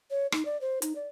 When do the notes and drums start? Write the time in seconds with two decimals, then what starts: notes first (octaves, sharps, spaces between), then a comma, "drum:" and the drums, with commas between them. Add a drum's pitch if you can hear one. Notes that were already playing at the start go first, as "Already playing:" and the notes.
0.11 C#5
0.32 D#4, drum: rim click
0.45 D5
0.61 C5
0.82 D#4, drum: hi-hat
0.96 D5